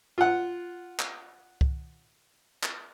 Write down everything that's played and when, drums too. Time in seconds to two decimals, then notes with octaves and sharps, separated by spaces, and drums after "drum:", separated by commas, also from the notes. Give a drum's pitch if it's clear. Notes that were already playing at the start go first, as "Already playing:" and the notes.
0.18 F4 F#5
1.00 drum: clap
1.61 drum: kick C2
2.63 drum: clap